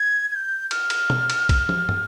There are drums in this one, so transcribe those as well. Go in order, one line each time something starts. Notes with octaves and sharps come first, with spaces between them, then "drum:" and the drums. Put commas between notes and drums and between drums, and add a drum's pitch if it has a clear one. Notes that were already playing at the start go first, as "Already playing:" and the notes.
Already playing: G#6
G#6
G6
F6, drum: cymbal
drum: cymbal
drum: tom B2
drum: cymbal
drum: kick, cymbal
drum: tom
drum: tom